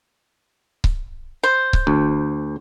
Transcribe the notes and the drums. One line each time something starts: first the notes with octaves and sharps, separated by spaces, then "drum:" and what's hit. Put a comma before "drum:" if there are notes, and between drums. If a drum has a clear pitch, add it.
drum: kick C#1
C5
drum: kick C#1
D2